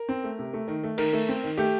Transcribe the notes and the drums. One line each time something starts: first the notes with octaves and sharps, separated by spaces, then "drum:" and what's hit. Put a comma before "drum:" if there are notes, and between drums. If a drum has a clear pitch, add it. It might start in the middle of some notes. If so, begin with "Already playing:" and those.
Already playing: A#4
C4
A3
C3
A3
D#3
A3
D#3 A#4, drum: cymbal
A3
C4
D#3
A3 G4